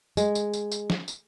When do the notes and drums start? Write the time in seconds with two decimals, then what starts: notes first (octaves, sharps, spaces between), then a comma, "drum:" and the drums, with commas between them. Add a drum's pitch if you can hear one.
0.17 G#3, drum: tambourine
0.35 drum: tambourine
0.53 drum: tambourine
0.72 drum: tambourine
0.90 drum: snare
1.08 drum: tambourine